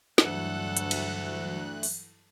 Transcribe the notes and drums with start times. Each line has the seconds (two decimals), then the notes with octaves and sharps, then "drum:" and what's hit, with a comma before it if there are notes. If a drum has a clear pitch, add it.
0.18 D2 G2 E3 F#3 A4 F#5 F#6, drum: snare
0.77 drum: hi-hat
0.91 drum: cymbal
1.83 drum: open hi-hat